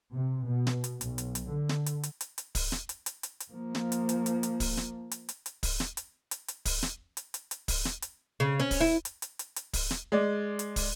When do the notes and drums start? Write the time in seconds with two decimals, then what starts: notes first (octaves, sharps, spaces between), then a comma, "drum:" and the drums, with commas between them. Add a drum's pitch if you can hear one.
0.15 C3
0.46 B2
0.67 drum: snare
0.84 drum: hi-hat
1.01 B1, drum: hi-hat
1.18 drum: hi-hat
1.35 drum: hi-hat
1.48 D3
1.69 drum: snare
1.86 drum: hi-hat
2.03 drum: hi-hat
2.21 drum: hi-hat
2.38 drum: hi-hat
2.55 drum: kick, open hi-hat
2.72 drum: snare
2.89 drum: hi-hat
3.06 drum: hi-hat
3.23 drum: hi-hat
3.40 drum: hi-hat
3.52 F3 A#3
3.75 drum: snare
3.92 drum: hi-hat
4.09 drum: hi-hat
4.26 drum: hi-hat
4.43 drum: hi-hat
4.60 drum: kick, open hi-hat
4.77 drum: snare
5.11 drum: hi-hat
5.29 drum: hi-hat
5.46 drum: hi-hat
5.63 drum: kick, open hi-hat
5.80 drum: snare
5.97 drum: hi-hat
6.31 drum: hi-hat
6.48 drum: hi-hat
6.65 drum: kick, open hi-hat
6.83 drum: snare
7.17 drum: hi-hat
7.34 drum: hi-hat
7.51 drum: hi-hat
7.68 drum: kick, open hi-hat
7.85 drum: snare
8.02 drum: hi-hat
8.40 C#3
8.60 C#4
8.71 drum: kick, open hi-hat
8.80 E4
9.05 drum: hi-hat
9.22 drum: hi-hat
9.39 drum: hi-hat
9.56 drum: hi-hat
9.73 drum: kick, open hi-hat
9.91 drum: snare
10.12 G#3 D5
10.59 drum: hi-hat
10.76 drum: kick, open hi-hat